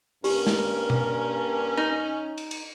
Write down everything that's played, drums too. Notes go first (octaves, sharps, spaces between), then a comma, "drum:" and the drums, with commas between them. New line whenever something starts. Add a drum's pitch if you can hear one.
G2 A#3 C#4 G4 A#4, drum: open hi-hat
drum: snare
drum: tom B2
D#4
drum: cymbal
drum: cymbal